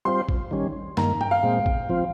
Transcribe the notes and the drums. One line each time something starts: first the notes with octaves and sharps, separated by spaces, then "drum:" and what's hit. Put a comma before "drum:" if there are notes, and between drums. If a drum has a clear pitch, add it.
G3 C4 F4 C5 C6
drum: kick A1
D#3 G3 C#4
G2 D#3 A#3 A#5, drum: snare
G5, drum: tom G2
F5
A#2 G#3 C4
drum: kick A1
F3 C4 F4